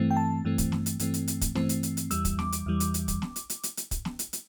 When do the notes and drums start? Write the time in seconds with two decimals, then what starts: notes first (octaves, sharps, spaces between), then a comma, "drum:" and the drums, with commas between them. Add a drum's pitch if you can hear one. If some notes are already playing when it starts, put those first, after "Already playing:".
Already playing: G2 E3 A3 C4
0.11 G5
0.17 A5
0.45 G2 E3 A3 C4
0.58 drum: kick, hi-hat
0.72 drum: snare
0.86 drum: hi-hat
0.99 G2 E3 A3 C4, drum: hi-hat
1.14 drum: hi-hat
1.28 drum: hi-hat
1.41 drum: kick, hi-hat
1.55 G2 E3 A3 C4, drum: snare
1.69 drum: hi-hat
1.83 drum: hi-hat
1.97 drum: hi-hat
2.11 E2 E3 G3 E6, drum: hi-hat
2.25 drum: kick, hi-hat
2.39 D6, drum: snare
2.52 drum: hi-hat
2.66 E2 E3 G3
2.80 drum: hi-hat
2.94 drum: hi-hat
3.08 drum: kick, hi-hat
3.22 drum: snare
3.36 drum: hi-hat
3.50 drum: hi-hat
3.63 drum: hi-hat
3.77 drum: hi-hat
3.91 drum: kick, hi-hat
4.05 drum: snare
4.19 drum: hi-hat
4.33 drum: hi-hat